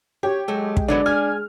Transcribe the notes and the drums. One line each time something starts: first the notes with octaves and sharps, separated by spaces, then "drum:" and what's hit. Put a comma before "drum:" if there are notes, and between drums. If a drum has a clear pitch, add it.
G4 C#5
F#3 G#3 A3
drum: kick
D3 F#3 B3 D4
G#5 F6